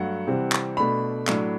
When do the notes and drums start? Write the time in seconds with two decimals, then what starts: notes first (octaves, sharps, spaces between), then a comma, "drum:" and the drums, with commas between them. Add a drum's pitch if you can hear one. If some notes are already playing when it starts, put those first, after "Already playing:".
Already playing: G2 F#3 A3 F#5
0.27 C3 E3 G3 C4
0.52 drum: clap
0.77 B2 A3 D4 B5
1.28 A2 F#3 A3 D4, drum: clap